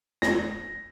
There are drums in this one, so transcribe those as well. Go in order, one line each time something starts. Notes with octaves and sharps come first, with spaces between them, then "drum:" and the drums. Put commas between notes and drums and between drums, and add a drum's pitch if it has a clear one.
A#6, drum: snare